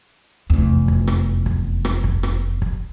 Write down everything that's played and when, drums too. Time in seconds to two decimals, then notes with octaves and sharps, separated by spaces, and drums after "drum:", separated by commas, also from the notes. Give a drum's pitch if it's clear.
0.50 F1 E2
0.88 drum: kick
1.07 drum: rim click
1.46 drum: kick
1.85 drum: rim click
2.04 drum: kick
2.23 drum: rim click
2.62 drum: kick